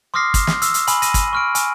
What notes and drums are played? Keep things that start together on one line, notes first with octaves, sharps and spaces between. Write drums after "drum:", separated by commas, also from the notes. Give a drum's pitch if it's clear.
C6 D6 D#6 F6 A#6 C7
drum: kick, hi-hat
drum: snare
E6, drum: hi-hat
drum: hi-hat
G#5 B5 F#7, drum: hi-hat
A#6 D#7, drum: hi-hat
drum: kick, hi-hat
C#6 F6 D7
G#5, drum: hi-hat